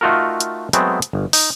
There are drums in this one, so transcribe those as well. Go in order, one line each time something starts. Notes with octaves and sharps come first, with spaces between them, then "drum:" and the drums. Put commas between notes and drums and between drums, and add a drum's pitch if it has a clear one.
A3 D#4 F4 F#4 A4 A#4
drum: hi-hat
F#3 G#3 A3 B3 C4, drum: hi-hat
drum: hi-hat
G1
D#4, drum: open hi-hat